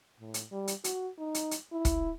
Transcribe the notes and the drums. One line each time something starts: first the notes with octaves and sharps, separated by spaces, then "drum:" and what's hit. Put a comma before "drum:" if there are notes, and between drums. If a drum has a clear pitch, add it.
A2
drum: hi-hat
G3
drum: hi-hat
F#4, drum: hi-hat
D#4
drum: hi-hat
drum: hi-hat
E4
drum: kick, hi-hat